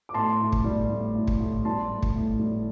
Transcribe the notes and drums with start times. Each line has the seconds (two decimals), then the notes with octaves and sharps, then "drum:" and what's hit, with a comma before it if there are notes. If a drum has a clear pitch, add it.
0.09 D6
0.14 A2 A5 C6
0.40 A2
0.52 drum: kick
0.64 G3
0.90 A2
1.15 A2
1.27 drum: kick
1.40 A2
1.65 G3 A5 C6
1.90 A2
2.03 drum: kick
2.16 A2
2.39 G3